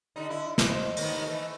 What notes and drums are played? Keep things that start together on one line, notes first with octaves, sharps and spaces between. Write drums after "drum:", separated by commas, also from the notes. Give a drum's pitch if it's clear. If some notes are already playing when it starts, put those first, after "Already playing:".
D3 G3 D#4
D3 E4
F2 C5, drum: snare
D#2 D#3 B3, drum: open hi-hat
E3 A3